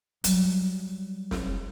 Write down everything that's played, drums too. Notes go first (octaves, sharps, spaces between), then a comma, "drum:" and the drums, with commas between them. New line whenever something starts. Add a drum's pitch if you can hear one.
F#3 G3, drum: hi-hat
drum: snare